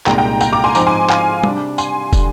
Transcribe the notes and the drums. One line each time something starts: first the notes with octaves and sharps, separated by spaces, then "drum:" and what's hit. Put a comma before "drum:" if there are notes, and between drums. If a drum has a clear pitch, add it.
C2 A#2 G#3 D#4 G5 A#5, drum: clap
G5 A#5
G5 A#5, drum: tambourine
A#5 D6
G#5 C6
G#2 F3 C4 D#4 A#5 D6, drum: tambourine
G#5 C6
F5 G#5, drum: clap
C3 G3 D4, drum: tom G3
G#5 C6, drum: tambourine
D3 G3, drum: kick, tambourine